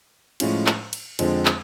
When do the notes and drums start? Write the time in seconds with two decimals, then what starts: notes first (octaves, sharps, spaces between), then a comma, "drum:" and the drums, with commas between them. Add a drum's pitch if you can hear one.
0.40 A2 F3 G#3 C#4 F4, drum: cymbal
0.67 drum: clap
0.93 drum: cymbal
1.19 F2 D3 F3 G#3 C4, drum: cymbal
1.45 drum: clap